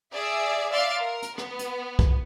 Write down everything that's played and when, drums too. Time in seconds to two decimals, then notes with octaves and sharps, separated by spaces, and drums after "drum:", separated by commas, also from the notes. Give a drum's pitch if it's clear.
0.14 G#4 D5 E5
0.72 D5 E5 F5 C6 A6 D7
1.01 A#4
1.22 drum: hi-hat
1.38 B3, drum: rim click
1.59 drum: hi-hat
1.99 drum: kick